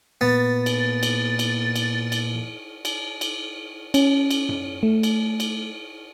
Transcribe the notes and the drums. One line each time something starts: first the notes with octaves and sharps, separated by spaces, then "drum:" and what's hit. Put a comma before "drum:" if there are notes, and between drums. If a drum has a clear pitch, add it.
A#2 B3 A6
drum: cymbal
drum: cymbal
drum: cymbal
drum: cymbal
drum: cymbal
drum: cymbal
drum: cymbal
C#4, drum: cymbal
drum: cymbal
drum: tom F#2
A3
drum: cymbal
drum: cymbal